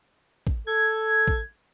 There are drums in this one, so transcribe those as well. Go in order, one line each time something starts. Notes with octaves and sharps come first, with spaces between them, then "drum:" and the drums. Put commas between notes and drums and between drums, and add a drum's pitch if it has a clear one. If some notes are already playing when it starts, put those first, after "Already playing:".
drum: kick
A4 G#6
drum: kick